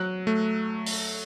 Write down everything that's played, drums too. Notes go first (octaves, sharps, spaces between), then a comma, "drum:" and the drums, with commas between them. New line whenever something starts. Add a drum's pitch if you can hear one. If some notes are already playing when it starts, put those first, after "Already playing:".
Already playing: F#3 F#6
A3
drum: open hi-hat